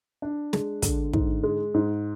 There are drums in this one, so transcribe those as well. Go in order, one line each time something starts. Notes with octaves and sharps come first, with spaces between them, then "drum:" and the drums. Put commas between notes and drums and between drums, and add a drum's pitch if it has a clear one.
D4
G#3, drum: snare
D3, drum: kick, hi-hat
G#2, drum: kick
G#3
G#2